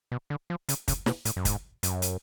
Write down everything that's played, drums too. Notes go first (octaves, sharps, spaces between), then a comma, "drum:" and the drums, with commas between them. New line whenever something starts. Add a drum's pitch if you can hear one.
B2
D3
F3
C#3, drum: hi-hat
C#3, drum: kick, hi-hat
B2, drum: snare
A2, drum: hi-hat
F#2
G#2, drum: kick, hi-hat
F#2, drum: hi-hat
drum: hi-hat